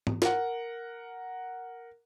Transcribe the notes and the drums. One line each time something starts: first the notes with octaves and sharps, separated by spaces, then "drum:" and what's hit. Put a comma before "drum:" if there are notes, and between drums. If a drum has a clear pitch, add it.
drum: tom
A#4 F#5, drum: snare